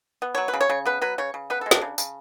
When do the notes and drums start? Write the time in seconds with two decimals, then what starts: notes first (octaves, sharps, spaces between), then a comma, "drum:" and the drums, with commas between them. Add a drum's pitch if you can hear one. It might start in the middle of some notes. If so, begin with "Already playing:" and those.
0.22 B3
0.35 F#3 C#5
0.48 B4
0.54 C#3
0.61 C#5
0.70 C#3
0.85 B3 B4
1.01 F#3 B4
1.18 C#3 C#5
1.34 C#3
1.50 B3 B4
1.61 A4
1.66 G#3
1.71 D4, drum: snare
1.81 C#3
1.98 C#3, drum: tambourine